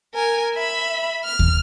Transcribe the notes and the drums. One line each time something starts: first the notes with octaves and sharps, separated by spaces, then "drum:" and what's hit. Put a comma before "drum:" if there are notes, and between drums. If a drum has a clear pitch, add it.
A#4 G#5
E5 B5
F6
drum: kick